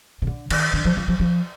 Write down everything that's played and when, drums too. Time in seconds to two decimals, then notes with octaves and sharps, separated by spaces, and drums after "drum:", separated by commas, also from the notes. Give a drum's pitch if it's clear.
0.22 C3
0.27 D3
0.51 D#3, drum: cymbal
0.73 D3
0.85 F3
0.97 F3
1.08 F3
1.19 F3